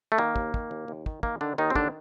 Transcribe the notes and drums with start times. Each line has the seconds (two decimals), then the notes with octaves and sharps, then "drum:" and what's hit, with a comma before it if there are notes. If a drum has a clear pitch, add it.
0.12 A3
0.18 D#3 A#3
0.36 D#2, drum: kick
0.54 D#3, drum: kick
0.71 D#2
0.88 D#2
1.06 D#3, drum: kick
1.23 D#3 A#3, drum: kick
1.41 D3 D#3 D4
1.58 D#2 D#3 D#4
1.70 C4
1.75 D3 D#3 D4, drum: kick